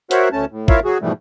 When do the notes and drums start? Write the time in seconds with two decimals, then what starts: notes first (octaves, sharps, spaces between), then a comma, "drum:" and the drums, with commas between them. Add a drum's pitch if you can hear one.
0.11 F#4 A#4 C5 C#5 E5 F#5, drum: hi-hat
0.32 D2 A3 C#4 A5
0.51 A2
0.68 E4 F4 A#4 C#5 E5 F5, drum: kick
0.85 F#3 F#4 G#4
1.02 G#2 B2 E3 F3 G3 A3